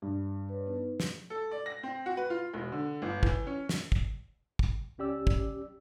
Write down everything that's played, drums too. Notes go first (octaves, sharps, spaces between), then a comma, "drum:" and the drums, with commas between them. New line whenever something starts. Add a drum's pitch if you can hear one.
G2
B4 C#5
B3 D#4 B4
drum: snare
A4
D5
A#6
C4
F#4
B4
F4
E1
D3
G1
E3, drum: kick
C#4
drum: snare
drum: kick
drum: kick
C#2 C#4 G4 D5 E6
drum: kick